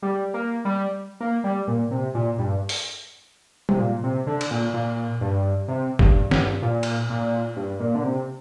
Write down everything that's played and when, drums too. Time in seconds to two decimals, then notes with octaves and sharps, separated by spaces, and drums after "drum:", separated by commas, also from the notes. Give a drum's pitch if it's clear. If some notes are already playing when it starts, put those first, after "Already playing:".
0.02 G3
0.34 A#3
0.65 G3
1.20 A#3
1.44 G3
1.68 A#2
1.91 C3
2.15 A#2
2.38 G2
2.69 drum: open hi-hat
3.69 C3, drum: tom G3
3.79 A#2
4.03 C3
4.27 D3
4.41 drum: cymbal
4.51 A#2
4.74 A#2
5.21 G2
5.68 C3
5.99 G2, drum: kick
6.31 G2, drum: snare
6.62 A#2
6.83 drum: cymbal
7.10 A#2
7.56 G2
7.80 A#2
7.95 D3
8.04 C3